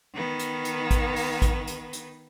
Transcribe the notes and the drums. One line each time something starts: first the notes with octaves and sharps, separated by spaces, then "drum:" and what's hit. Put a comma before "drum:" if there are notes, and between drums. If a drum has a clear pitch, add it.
D#3 B3
drum: hi-hat
drum: hi-hat
drum: kick A1, hi-hat
drum: open hi-hat
drum: kick A1, hi-hat
drum: hi-hat
drum: hi-hat